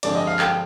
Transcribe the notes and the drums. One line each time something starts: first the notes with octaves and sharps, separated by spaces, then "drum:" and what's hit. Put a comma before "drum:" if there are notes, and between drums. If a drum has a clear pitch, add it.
G2 D3 F3 G#3 C4 D5, drum: cymbal
D#5
F5
G5, drum: clap